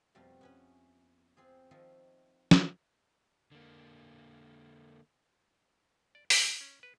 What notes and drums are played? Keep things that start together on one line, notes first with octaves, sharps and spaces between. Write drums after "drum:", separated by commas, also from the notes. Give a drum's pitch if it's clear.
F2 B2 G3 A3 F4
B3 C#4 B4
C4 F4 G#4
D#3 F3 F4 D#5 E5
drum: snare
D3 A#3
D5
A3, drum: open hi-hat
C#4
B4